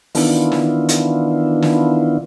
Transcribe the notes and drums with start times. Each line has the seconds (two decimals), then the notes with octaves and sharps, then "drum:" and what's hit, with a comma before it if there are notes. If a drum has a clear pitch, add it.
0.15 D#3 E3 B3 D4 E4 F4, drum: open hi-hat
0.52 drum: snare
0.89 drum: hi-hat
1.62 drum: snare